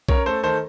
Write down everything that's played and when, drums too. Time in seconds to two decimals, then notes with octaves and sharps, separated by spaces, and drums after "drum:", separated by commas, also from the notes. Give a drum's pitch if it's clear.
0.09 C#4 A#4 C#5, drum: kick B1
0.26 A3 A4 C5
0.43 D#3 A4 C5